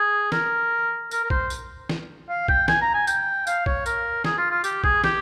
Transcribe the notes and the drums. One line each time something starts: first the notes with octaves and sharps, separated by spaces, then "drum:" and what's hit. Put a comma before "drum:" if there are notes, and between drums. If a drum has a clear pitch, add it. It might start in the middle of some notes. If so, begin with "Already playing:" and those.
Already playing: G#4
A#4, drum: snare
A#4, drum: tambourine
A#4
C5, drum: kick
drum: tambourine
drum: snare
F5
G5, drum: kick
G#5, drum: snare
A#5
G#5
G5, drum: tambourine
F5, drum: tambourine
C#5, drum: kick
A#4, drum: tambourine
G#4, drum: snare
F4
F4
G4, drum: tambourine
G#4, drum: kick
G4, drum: snare